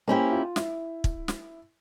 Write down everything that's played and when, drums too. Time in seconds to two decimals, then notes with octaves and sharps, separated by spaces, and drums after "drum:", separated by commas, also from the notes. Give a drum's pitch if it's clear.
0.08 A#3 C#4 E4 G4 C5
0.32 F4
0.56 E4, drum: snare
1.04 drum: kick
1.28 drum: snare